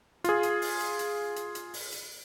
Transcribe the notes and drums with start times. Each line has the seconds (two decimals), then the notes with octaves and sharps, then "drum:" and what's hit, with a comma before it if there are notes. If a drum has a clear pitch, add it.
0.24 F4 G#4, drum: hi-hat
0.43 drum: hi-hat
0.62 drum: open hi-hat
0.80 drum: hi-hat
0.99 drum: hi-hat
1.36 drum: hi-hat
1.55 drum: hi-hat
1.74 drum: open hi-hat
1.92 drum: hi-hat